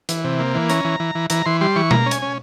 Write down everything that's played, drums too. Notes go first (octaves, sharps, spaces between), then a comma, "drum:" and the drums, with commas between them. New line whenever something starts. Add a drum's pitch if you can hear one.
E3, drum: hi-hat
C3
A#3
E3
C#4 A#5, drum: hi-hat
E3
E3
E3
E3 A#5, drum: hi-hat
E3 C6
G3 C6
E3 C#6
A#3 A#5, drum: tom B2
C#4
G#5, drum: hi-hat
C#4